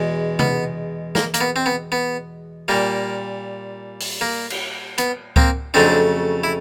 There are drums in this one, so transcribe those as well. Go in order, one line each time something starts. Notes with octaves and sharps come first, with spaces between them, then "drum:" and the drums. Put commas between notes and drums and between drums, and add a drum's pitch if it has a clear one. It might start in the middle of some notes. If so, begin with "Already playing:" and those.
Already playing: E2 B2 G#3
B3, drum: tom C3
A#3, drum: snare
A#3, drum: hi-hat
B3
C4
B3
B3
A#2 G3 A#3
drum: open hi-hat
A#3
drum: cymbal
B3, drum: hi-hat
A#3 C4, drum: kick C#2
F2 C#3 F#3 A3 C4 D4
E4